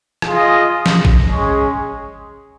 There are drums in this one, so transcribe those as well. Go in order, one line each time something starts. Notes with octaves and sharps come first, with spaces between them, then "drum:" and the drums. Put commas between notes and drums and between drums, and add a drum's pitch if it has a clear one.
F4 G#4 D#5, drum: rim click
drum: snare
drum: kick
G#3 C#4 G#4